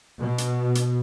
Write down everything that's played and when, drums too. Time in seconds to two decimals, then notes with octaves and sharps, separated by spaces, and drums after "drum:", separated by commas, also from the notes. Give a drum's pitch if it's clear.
0.20 B2
0.38 drum: hi-hat
0.75 drum: hi-hat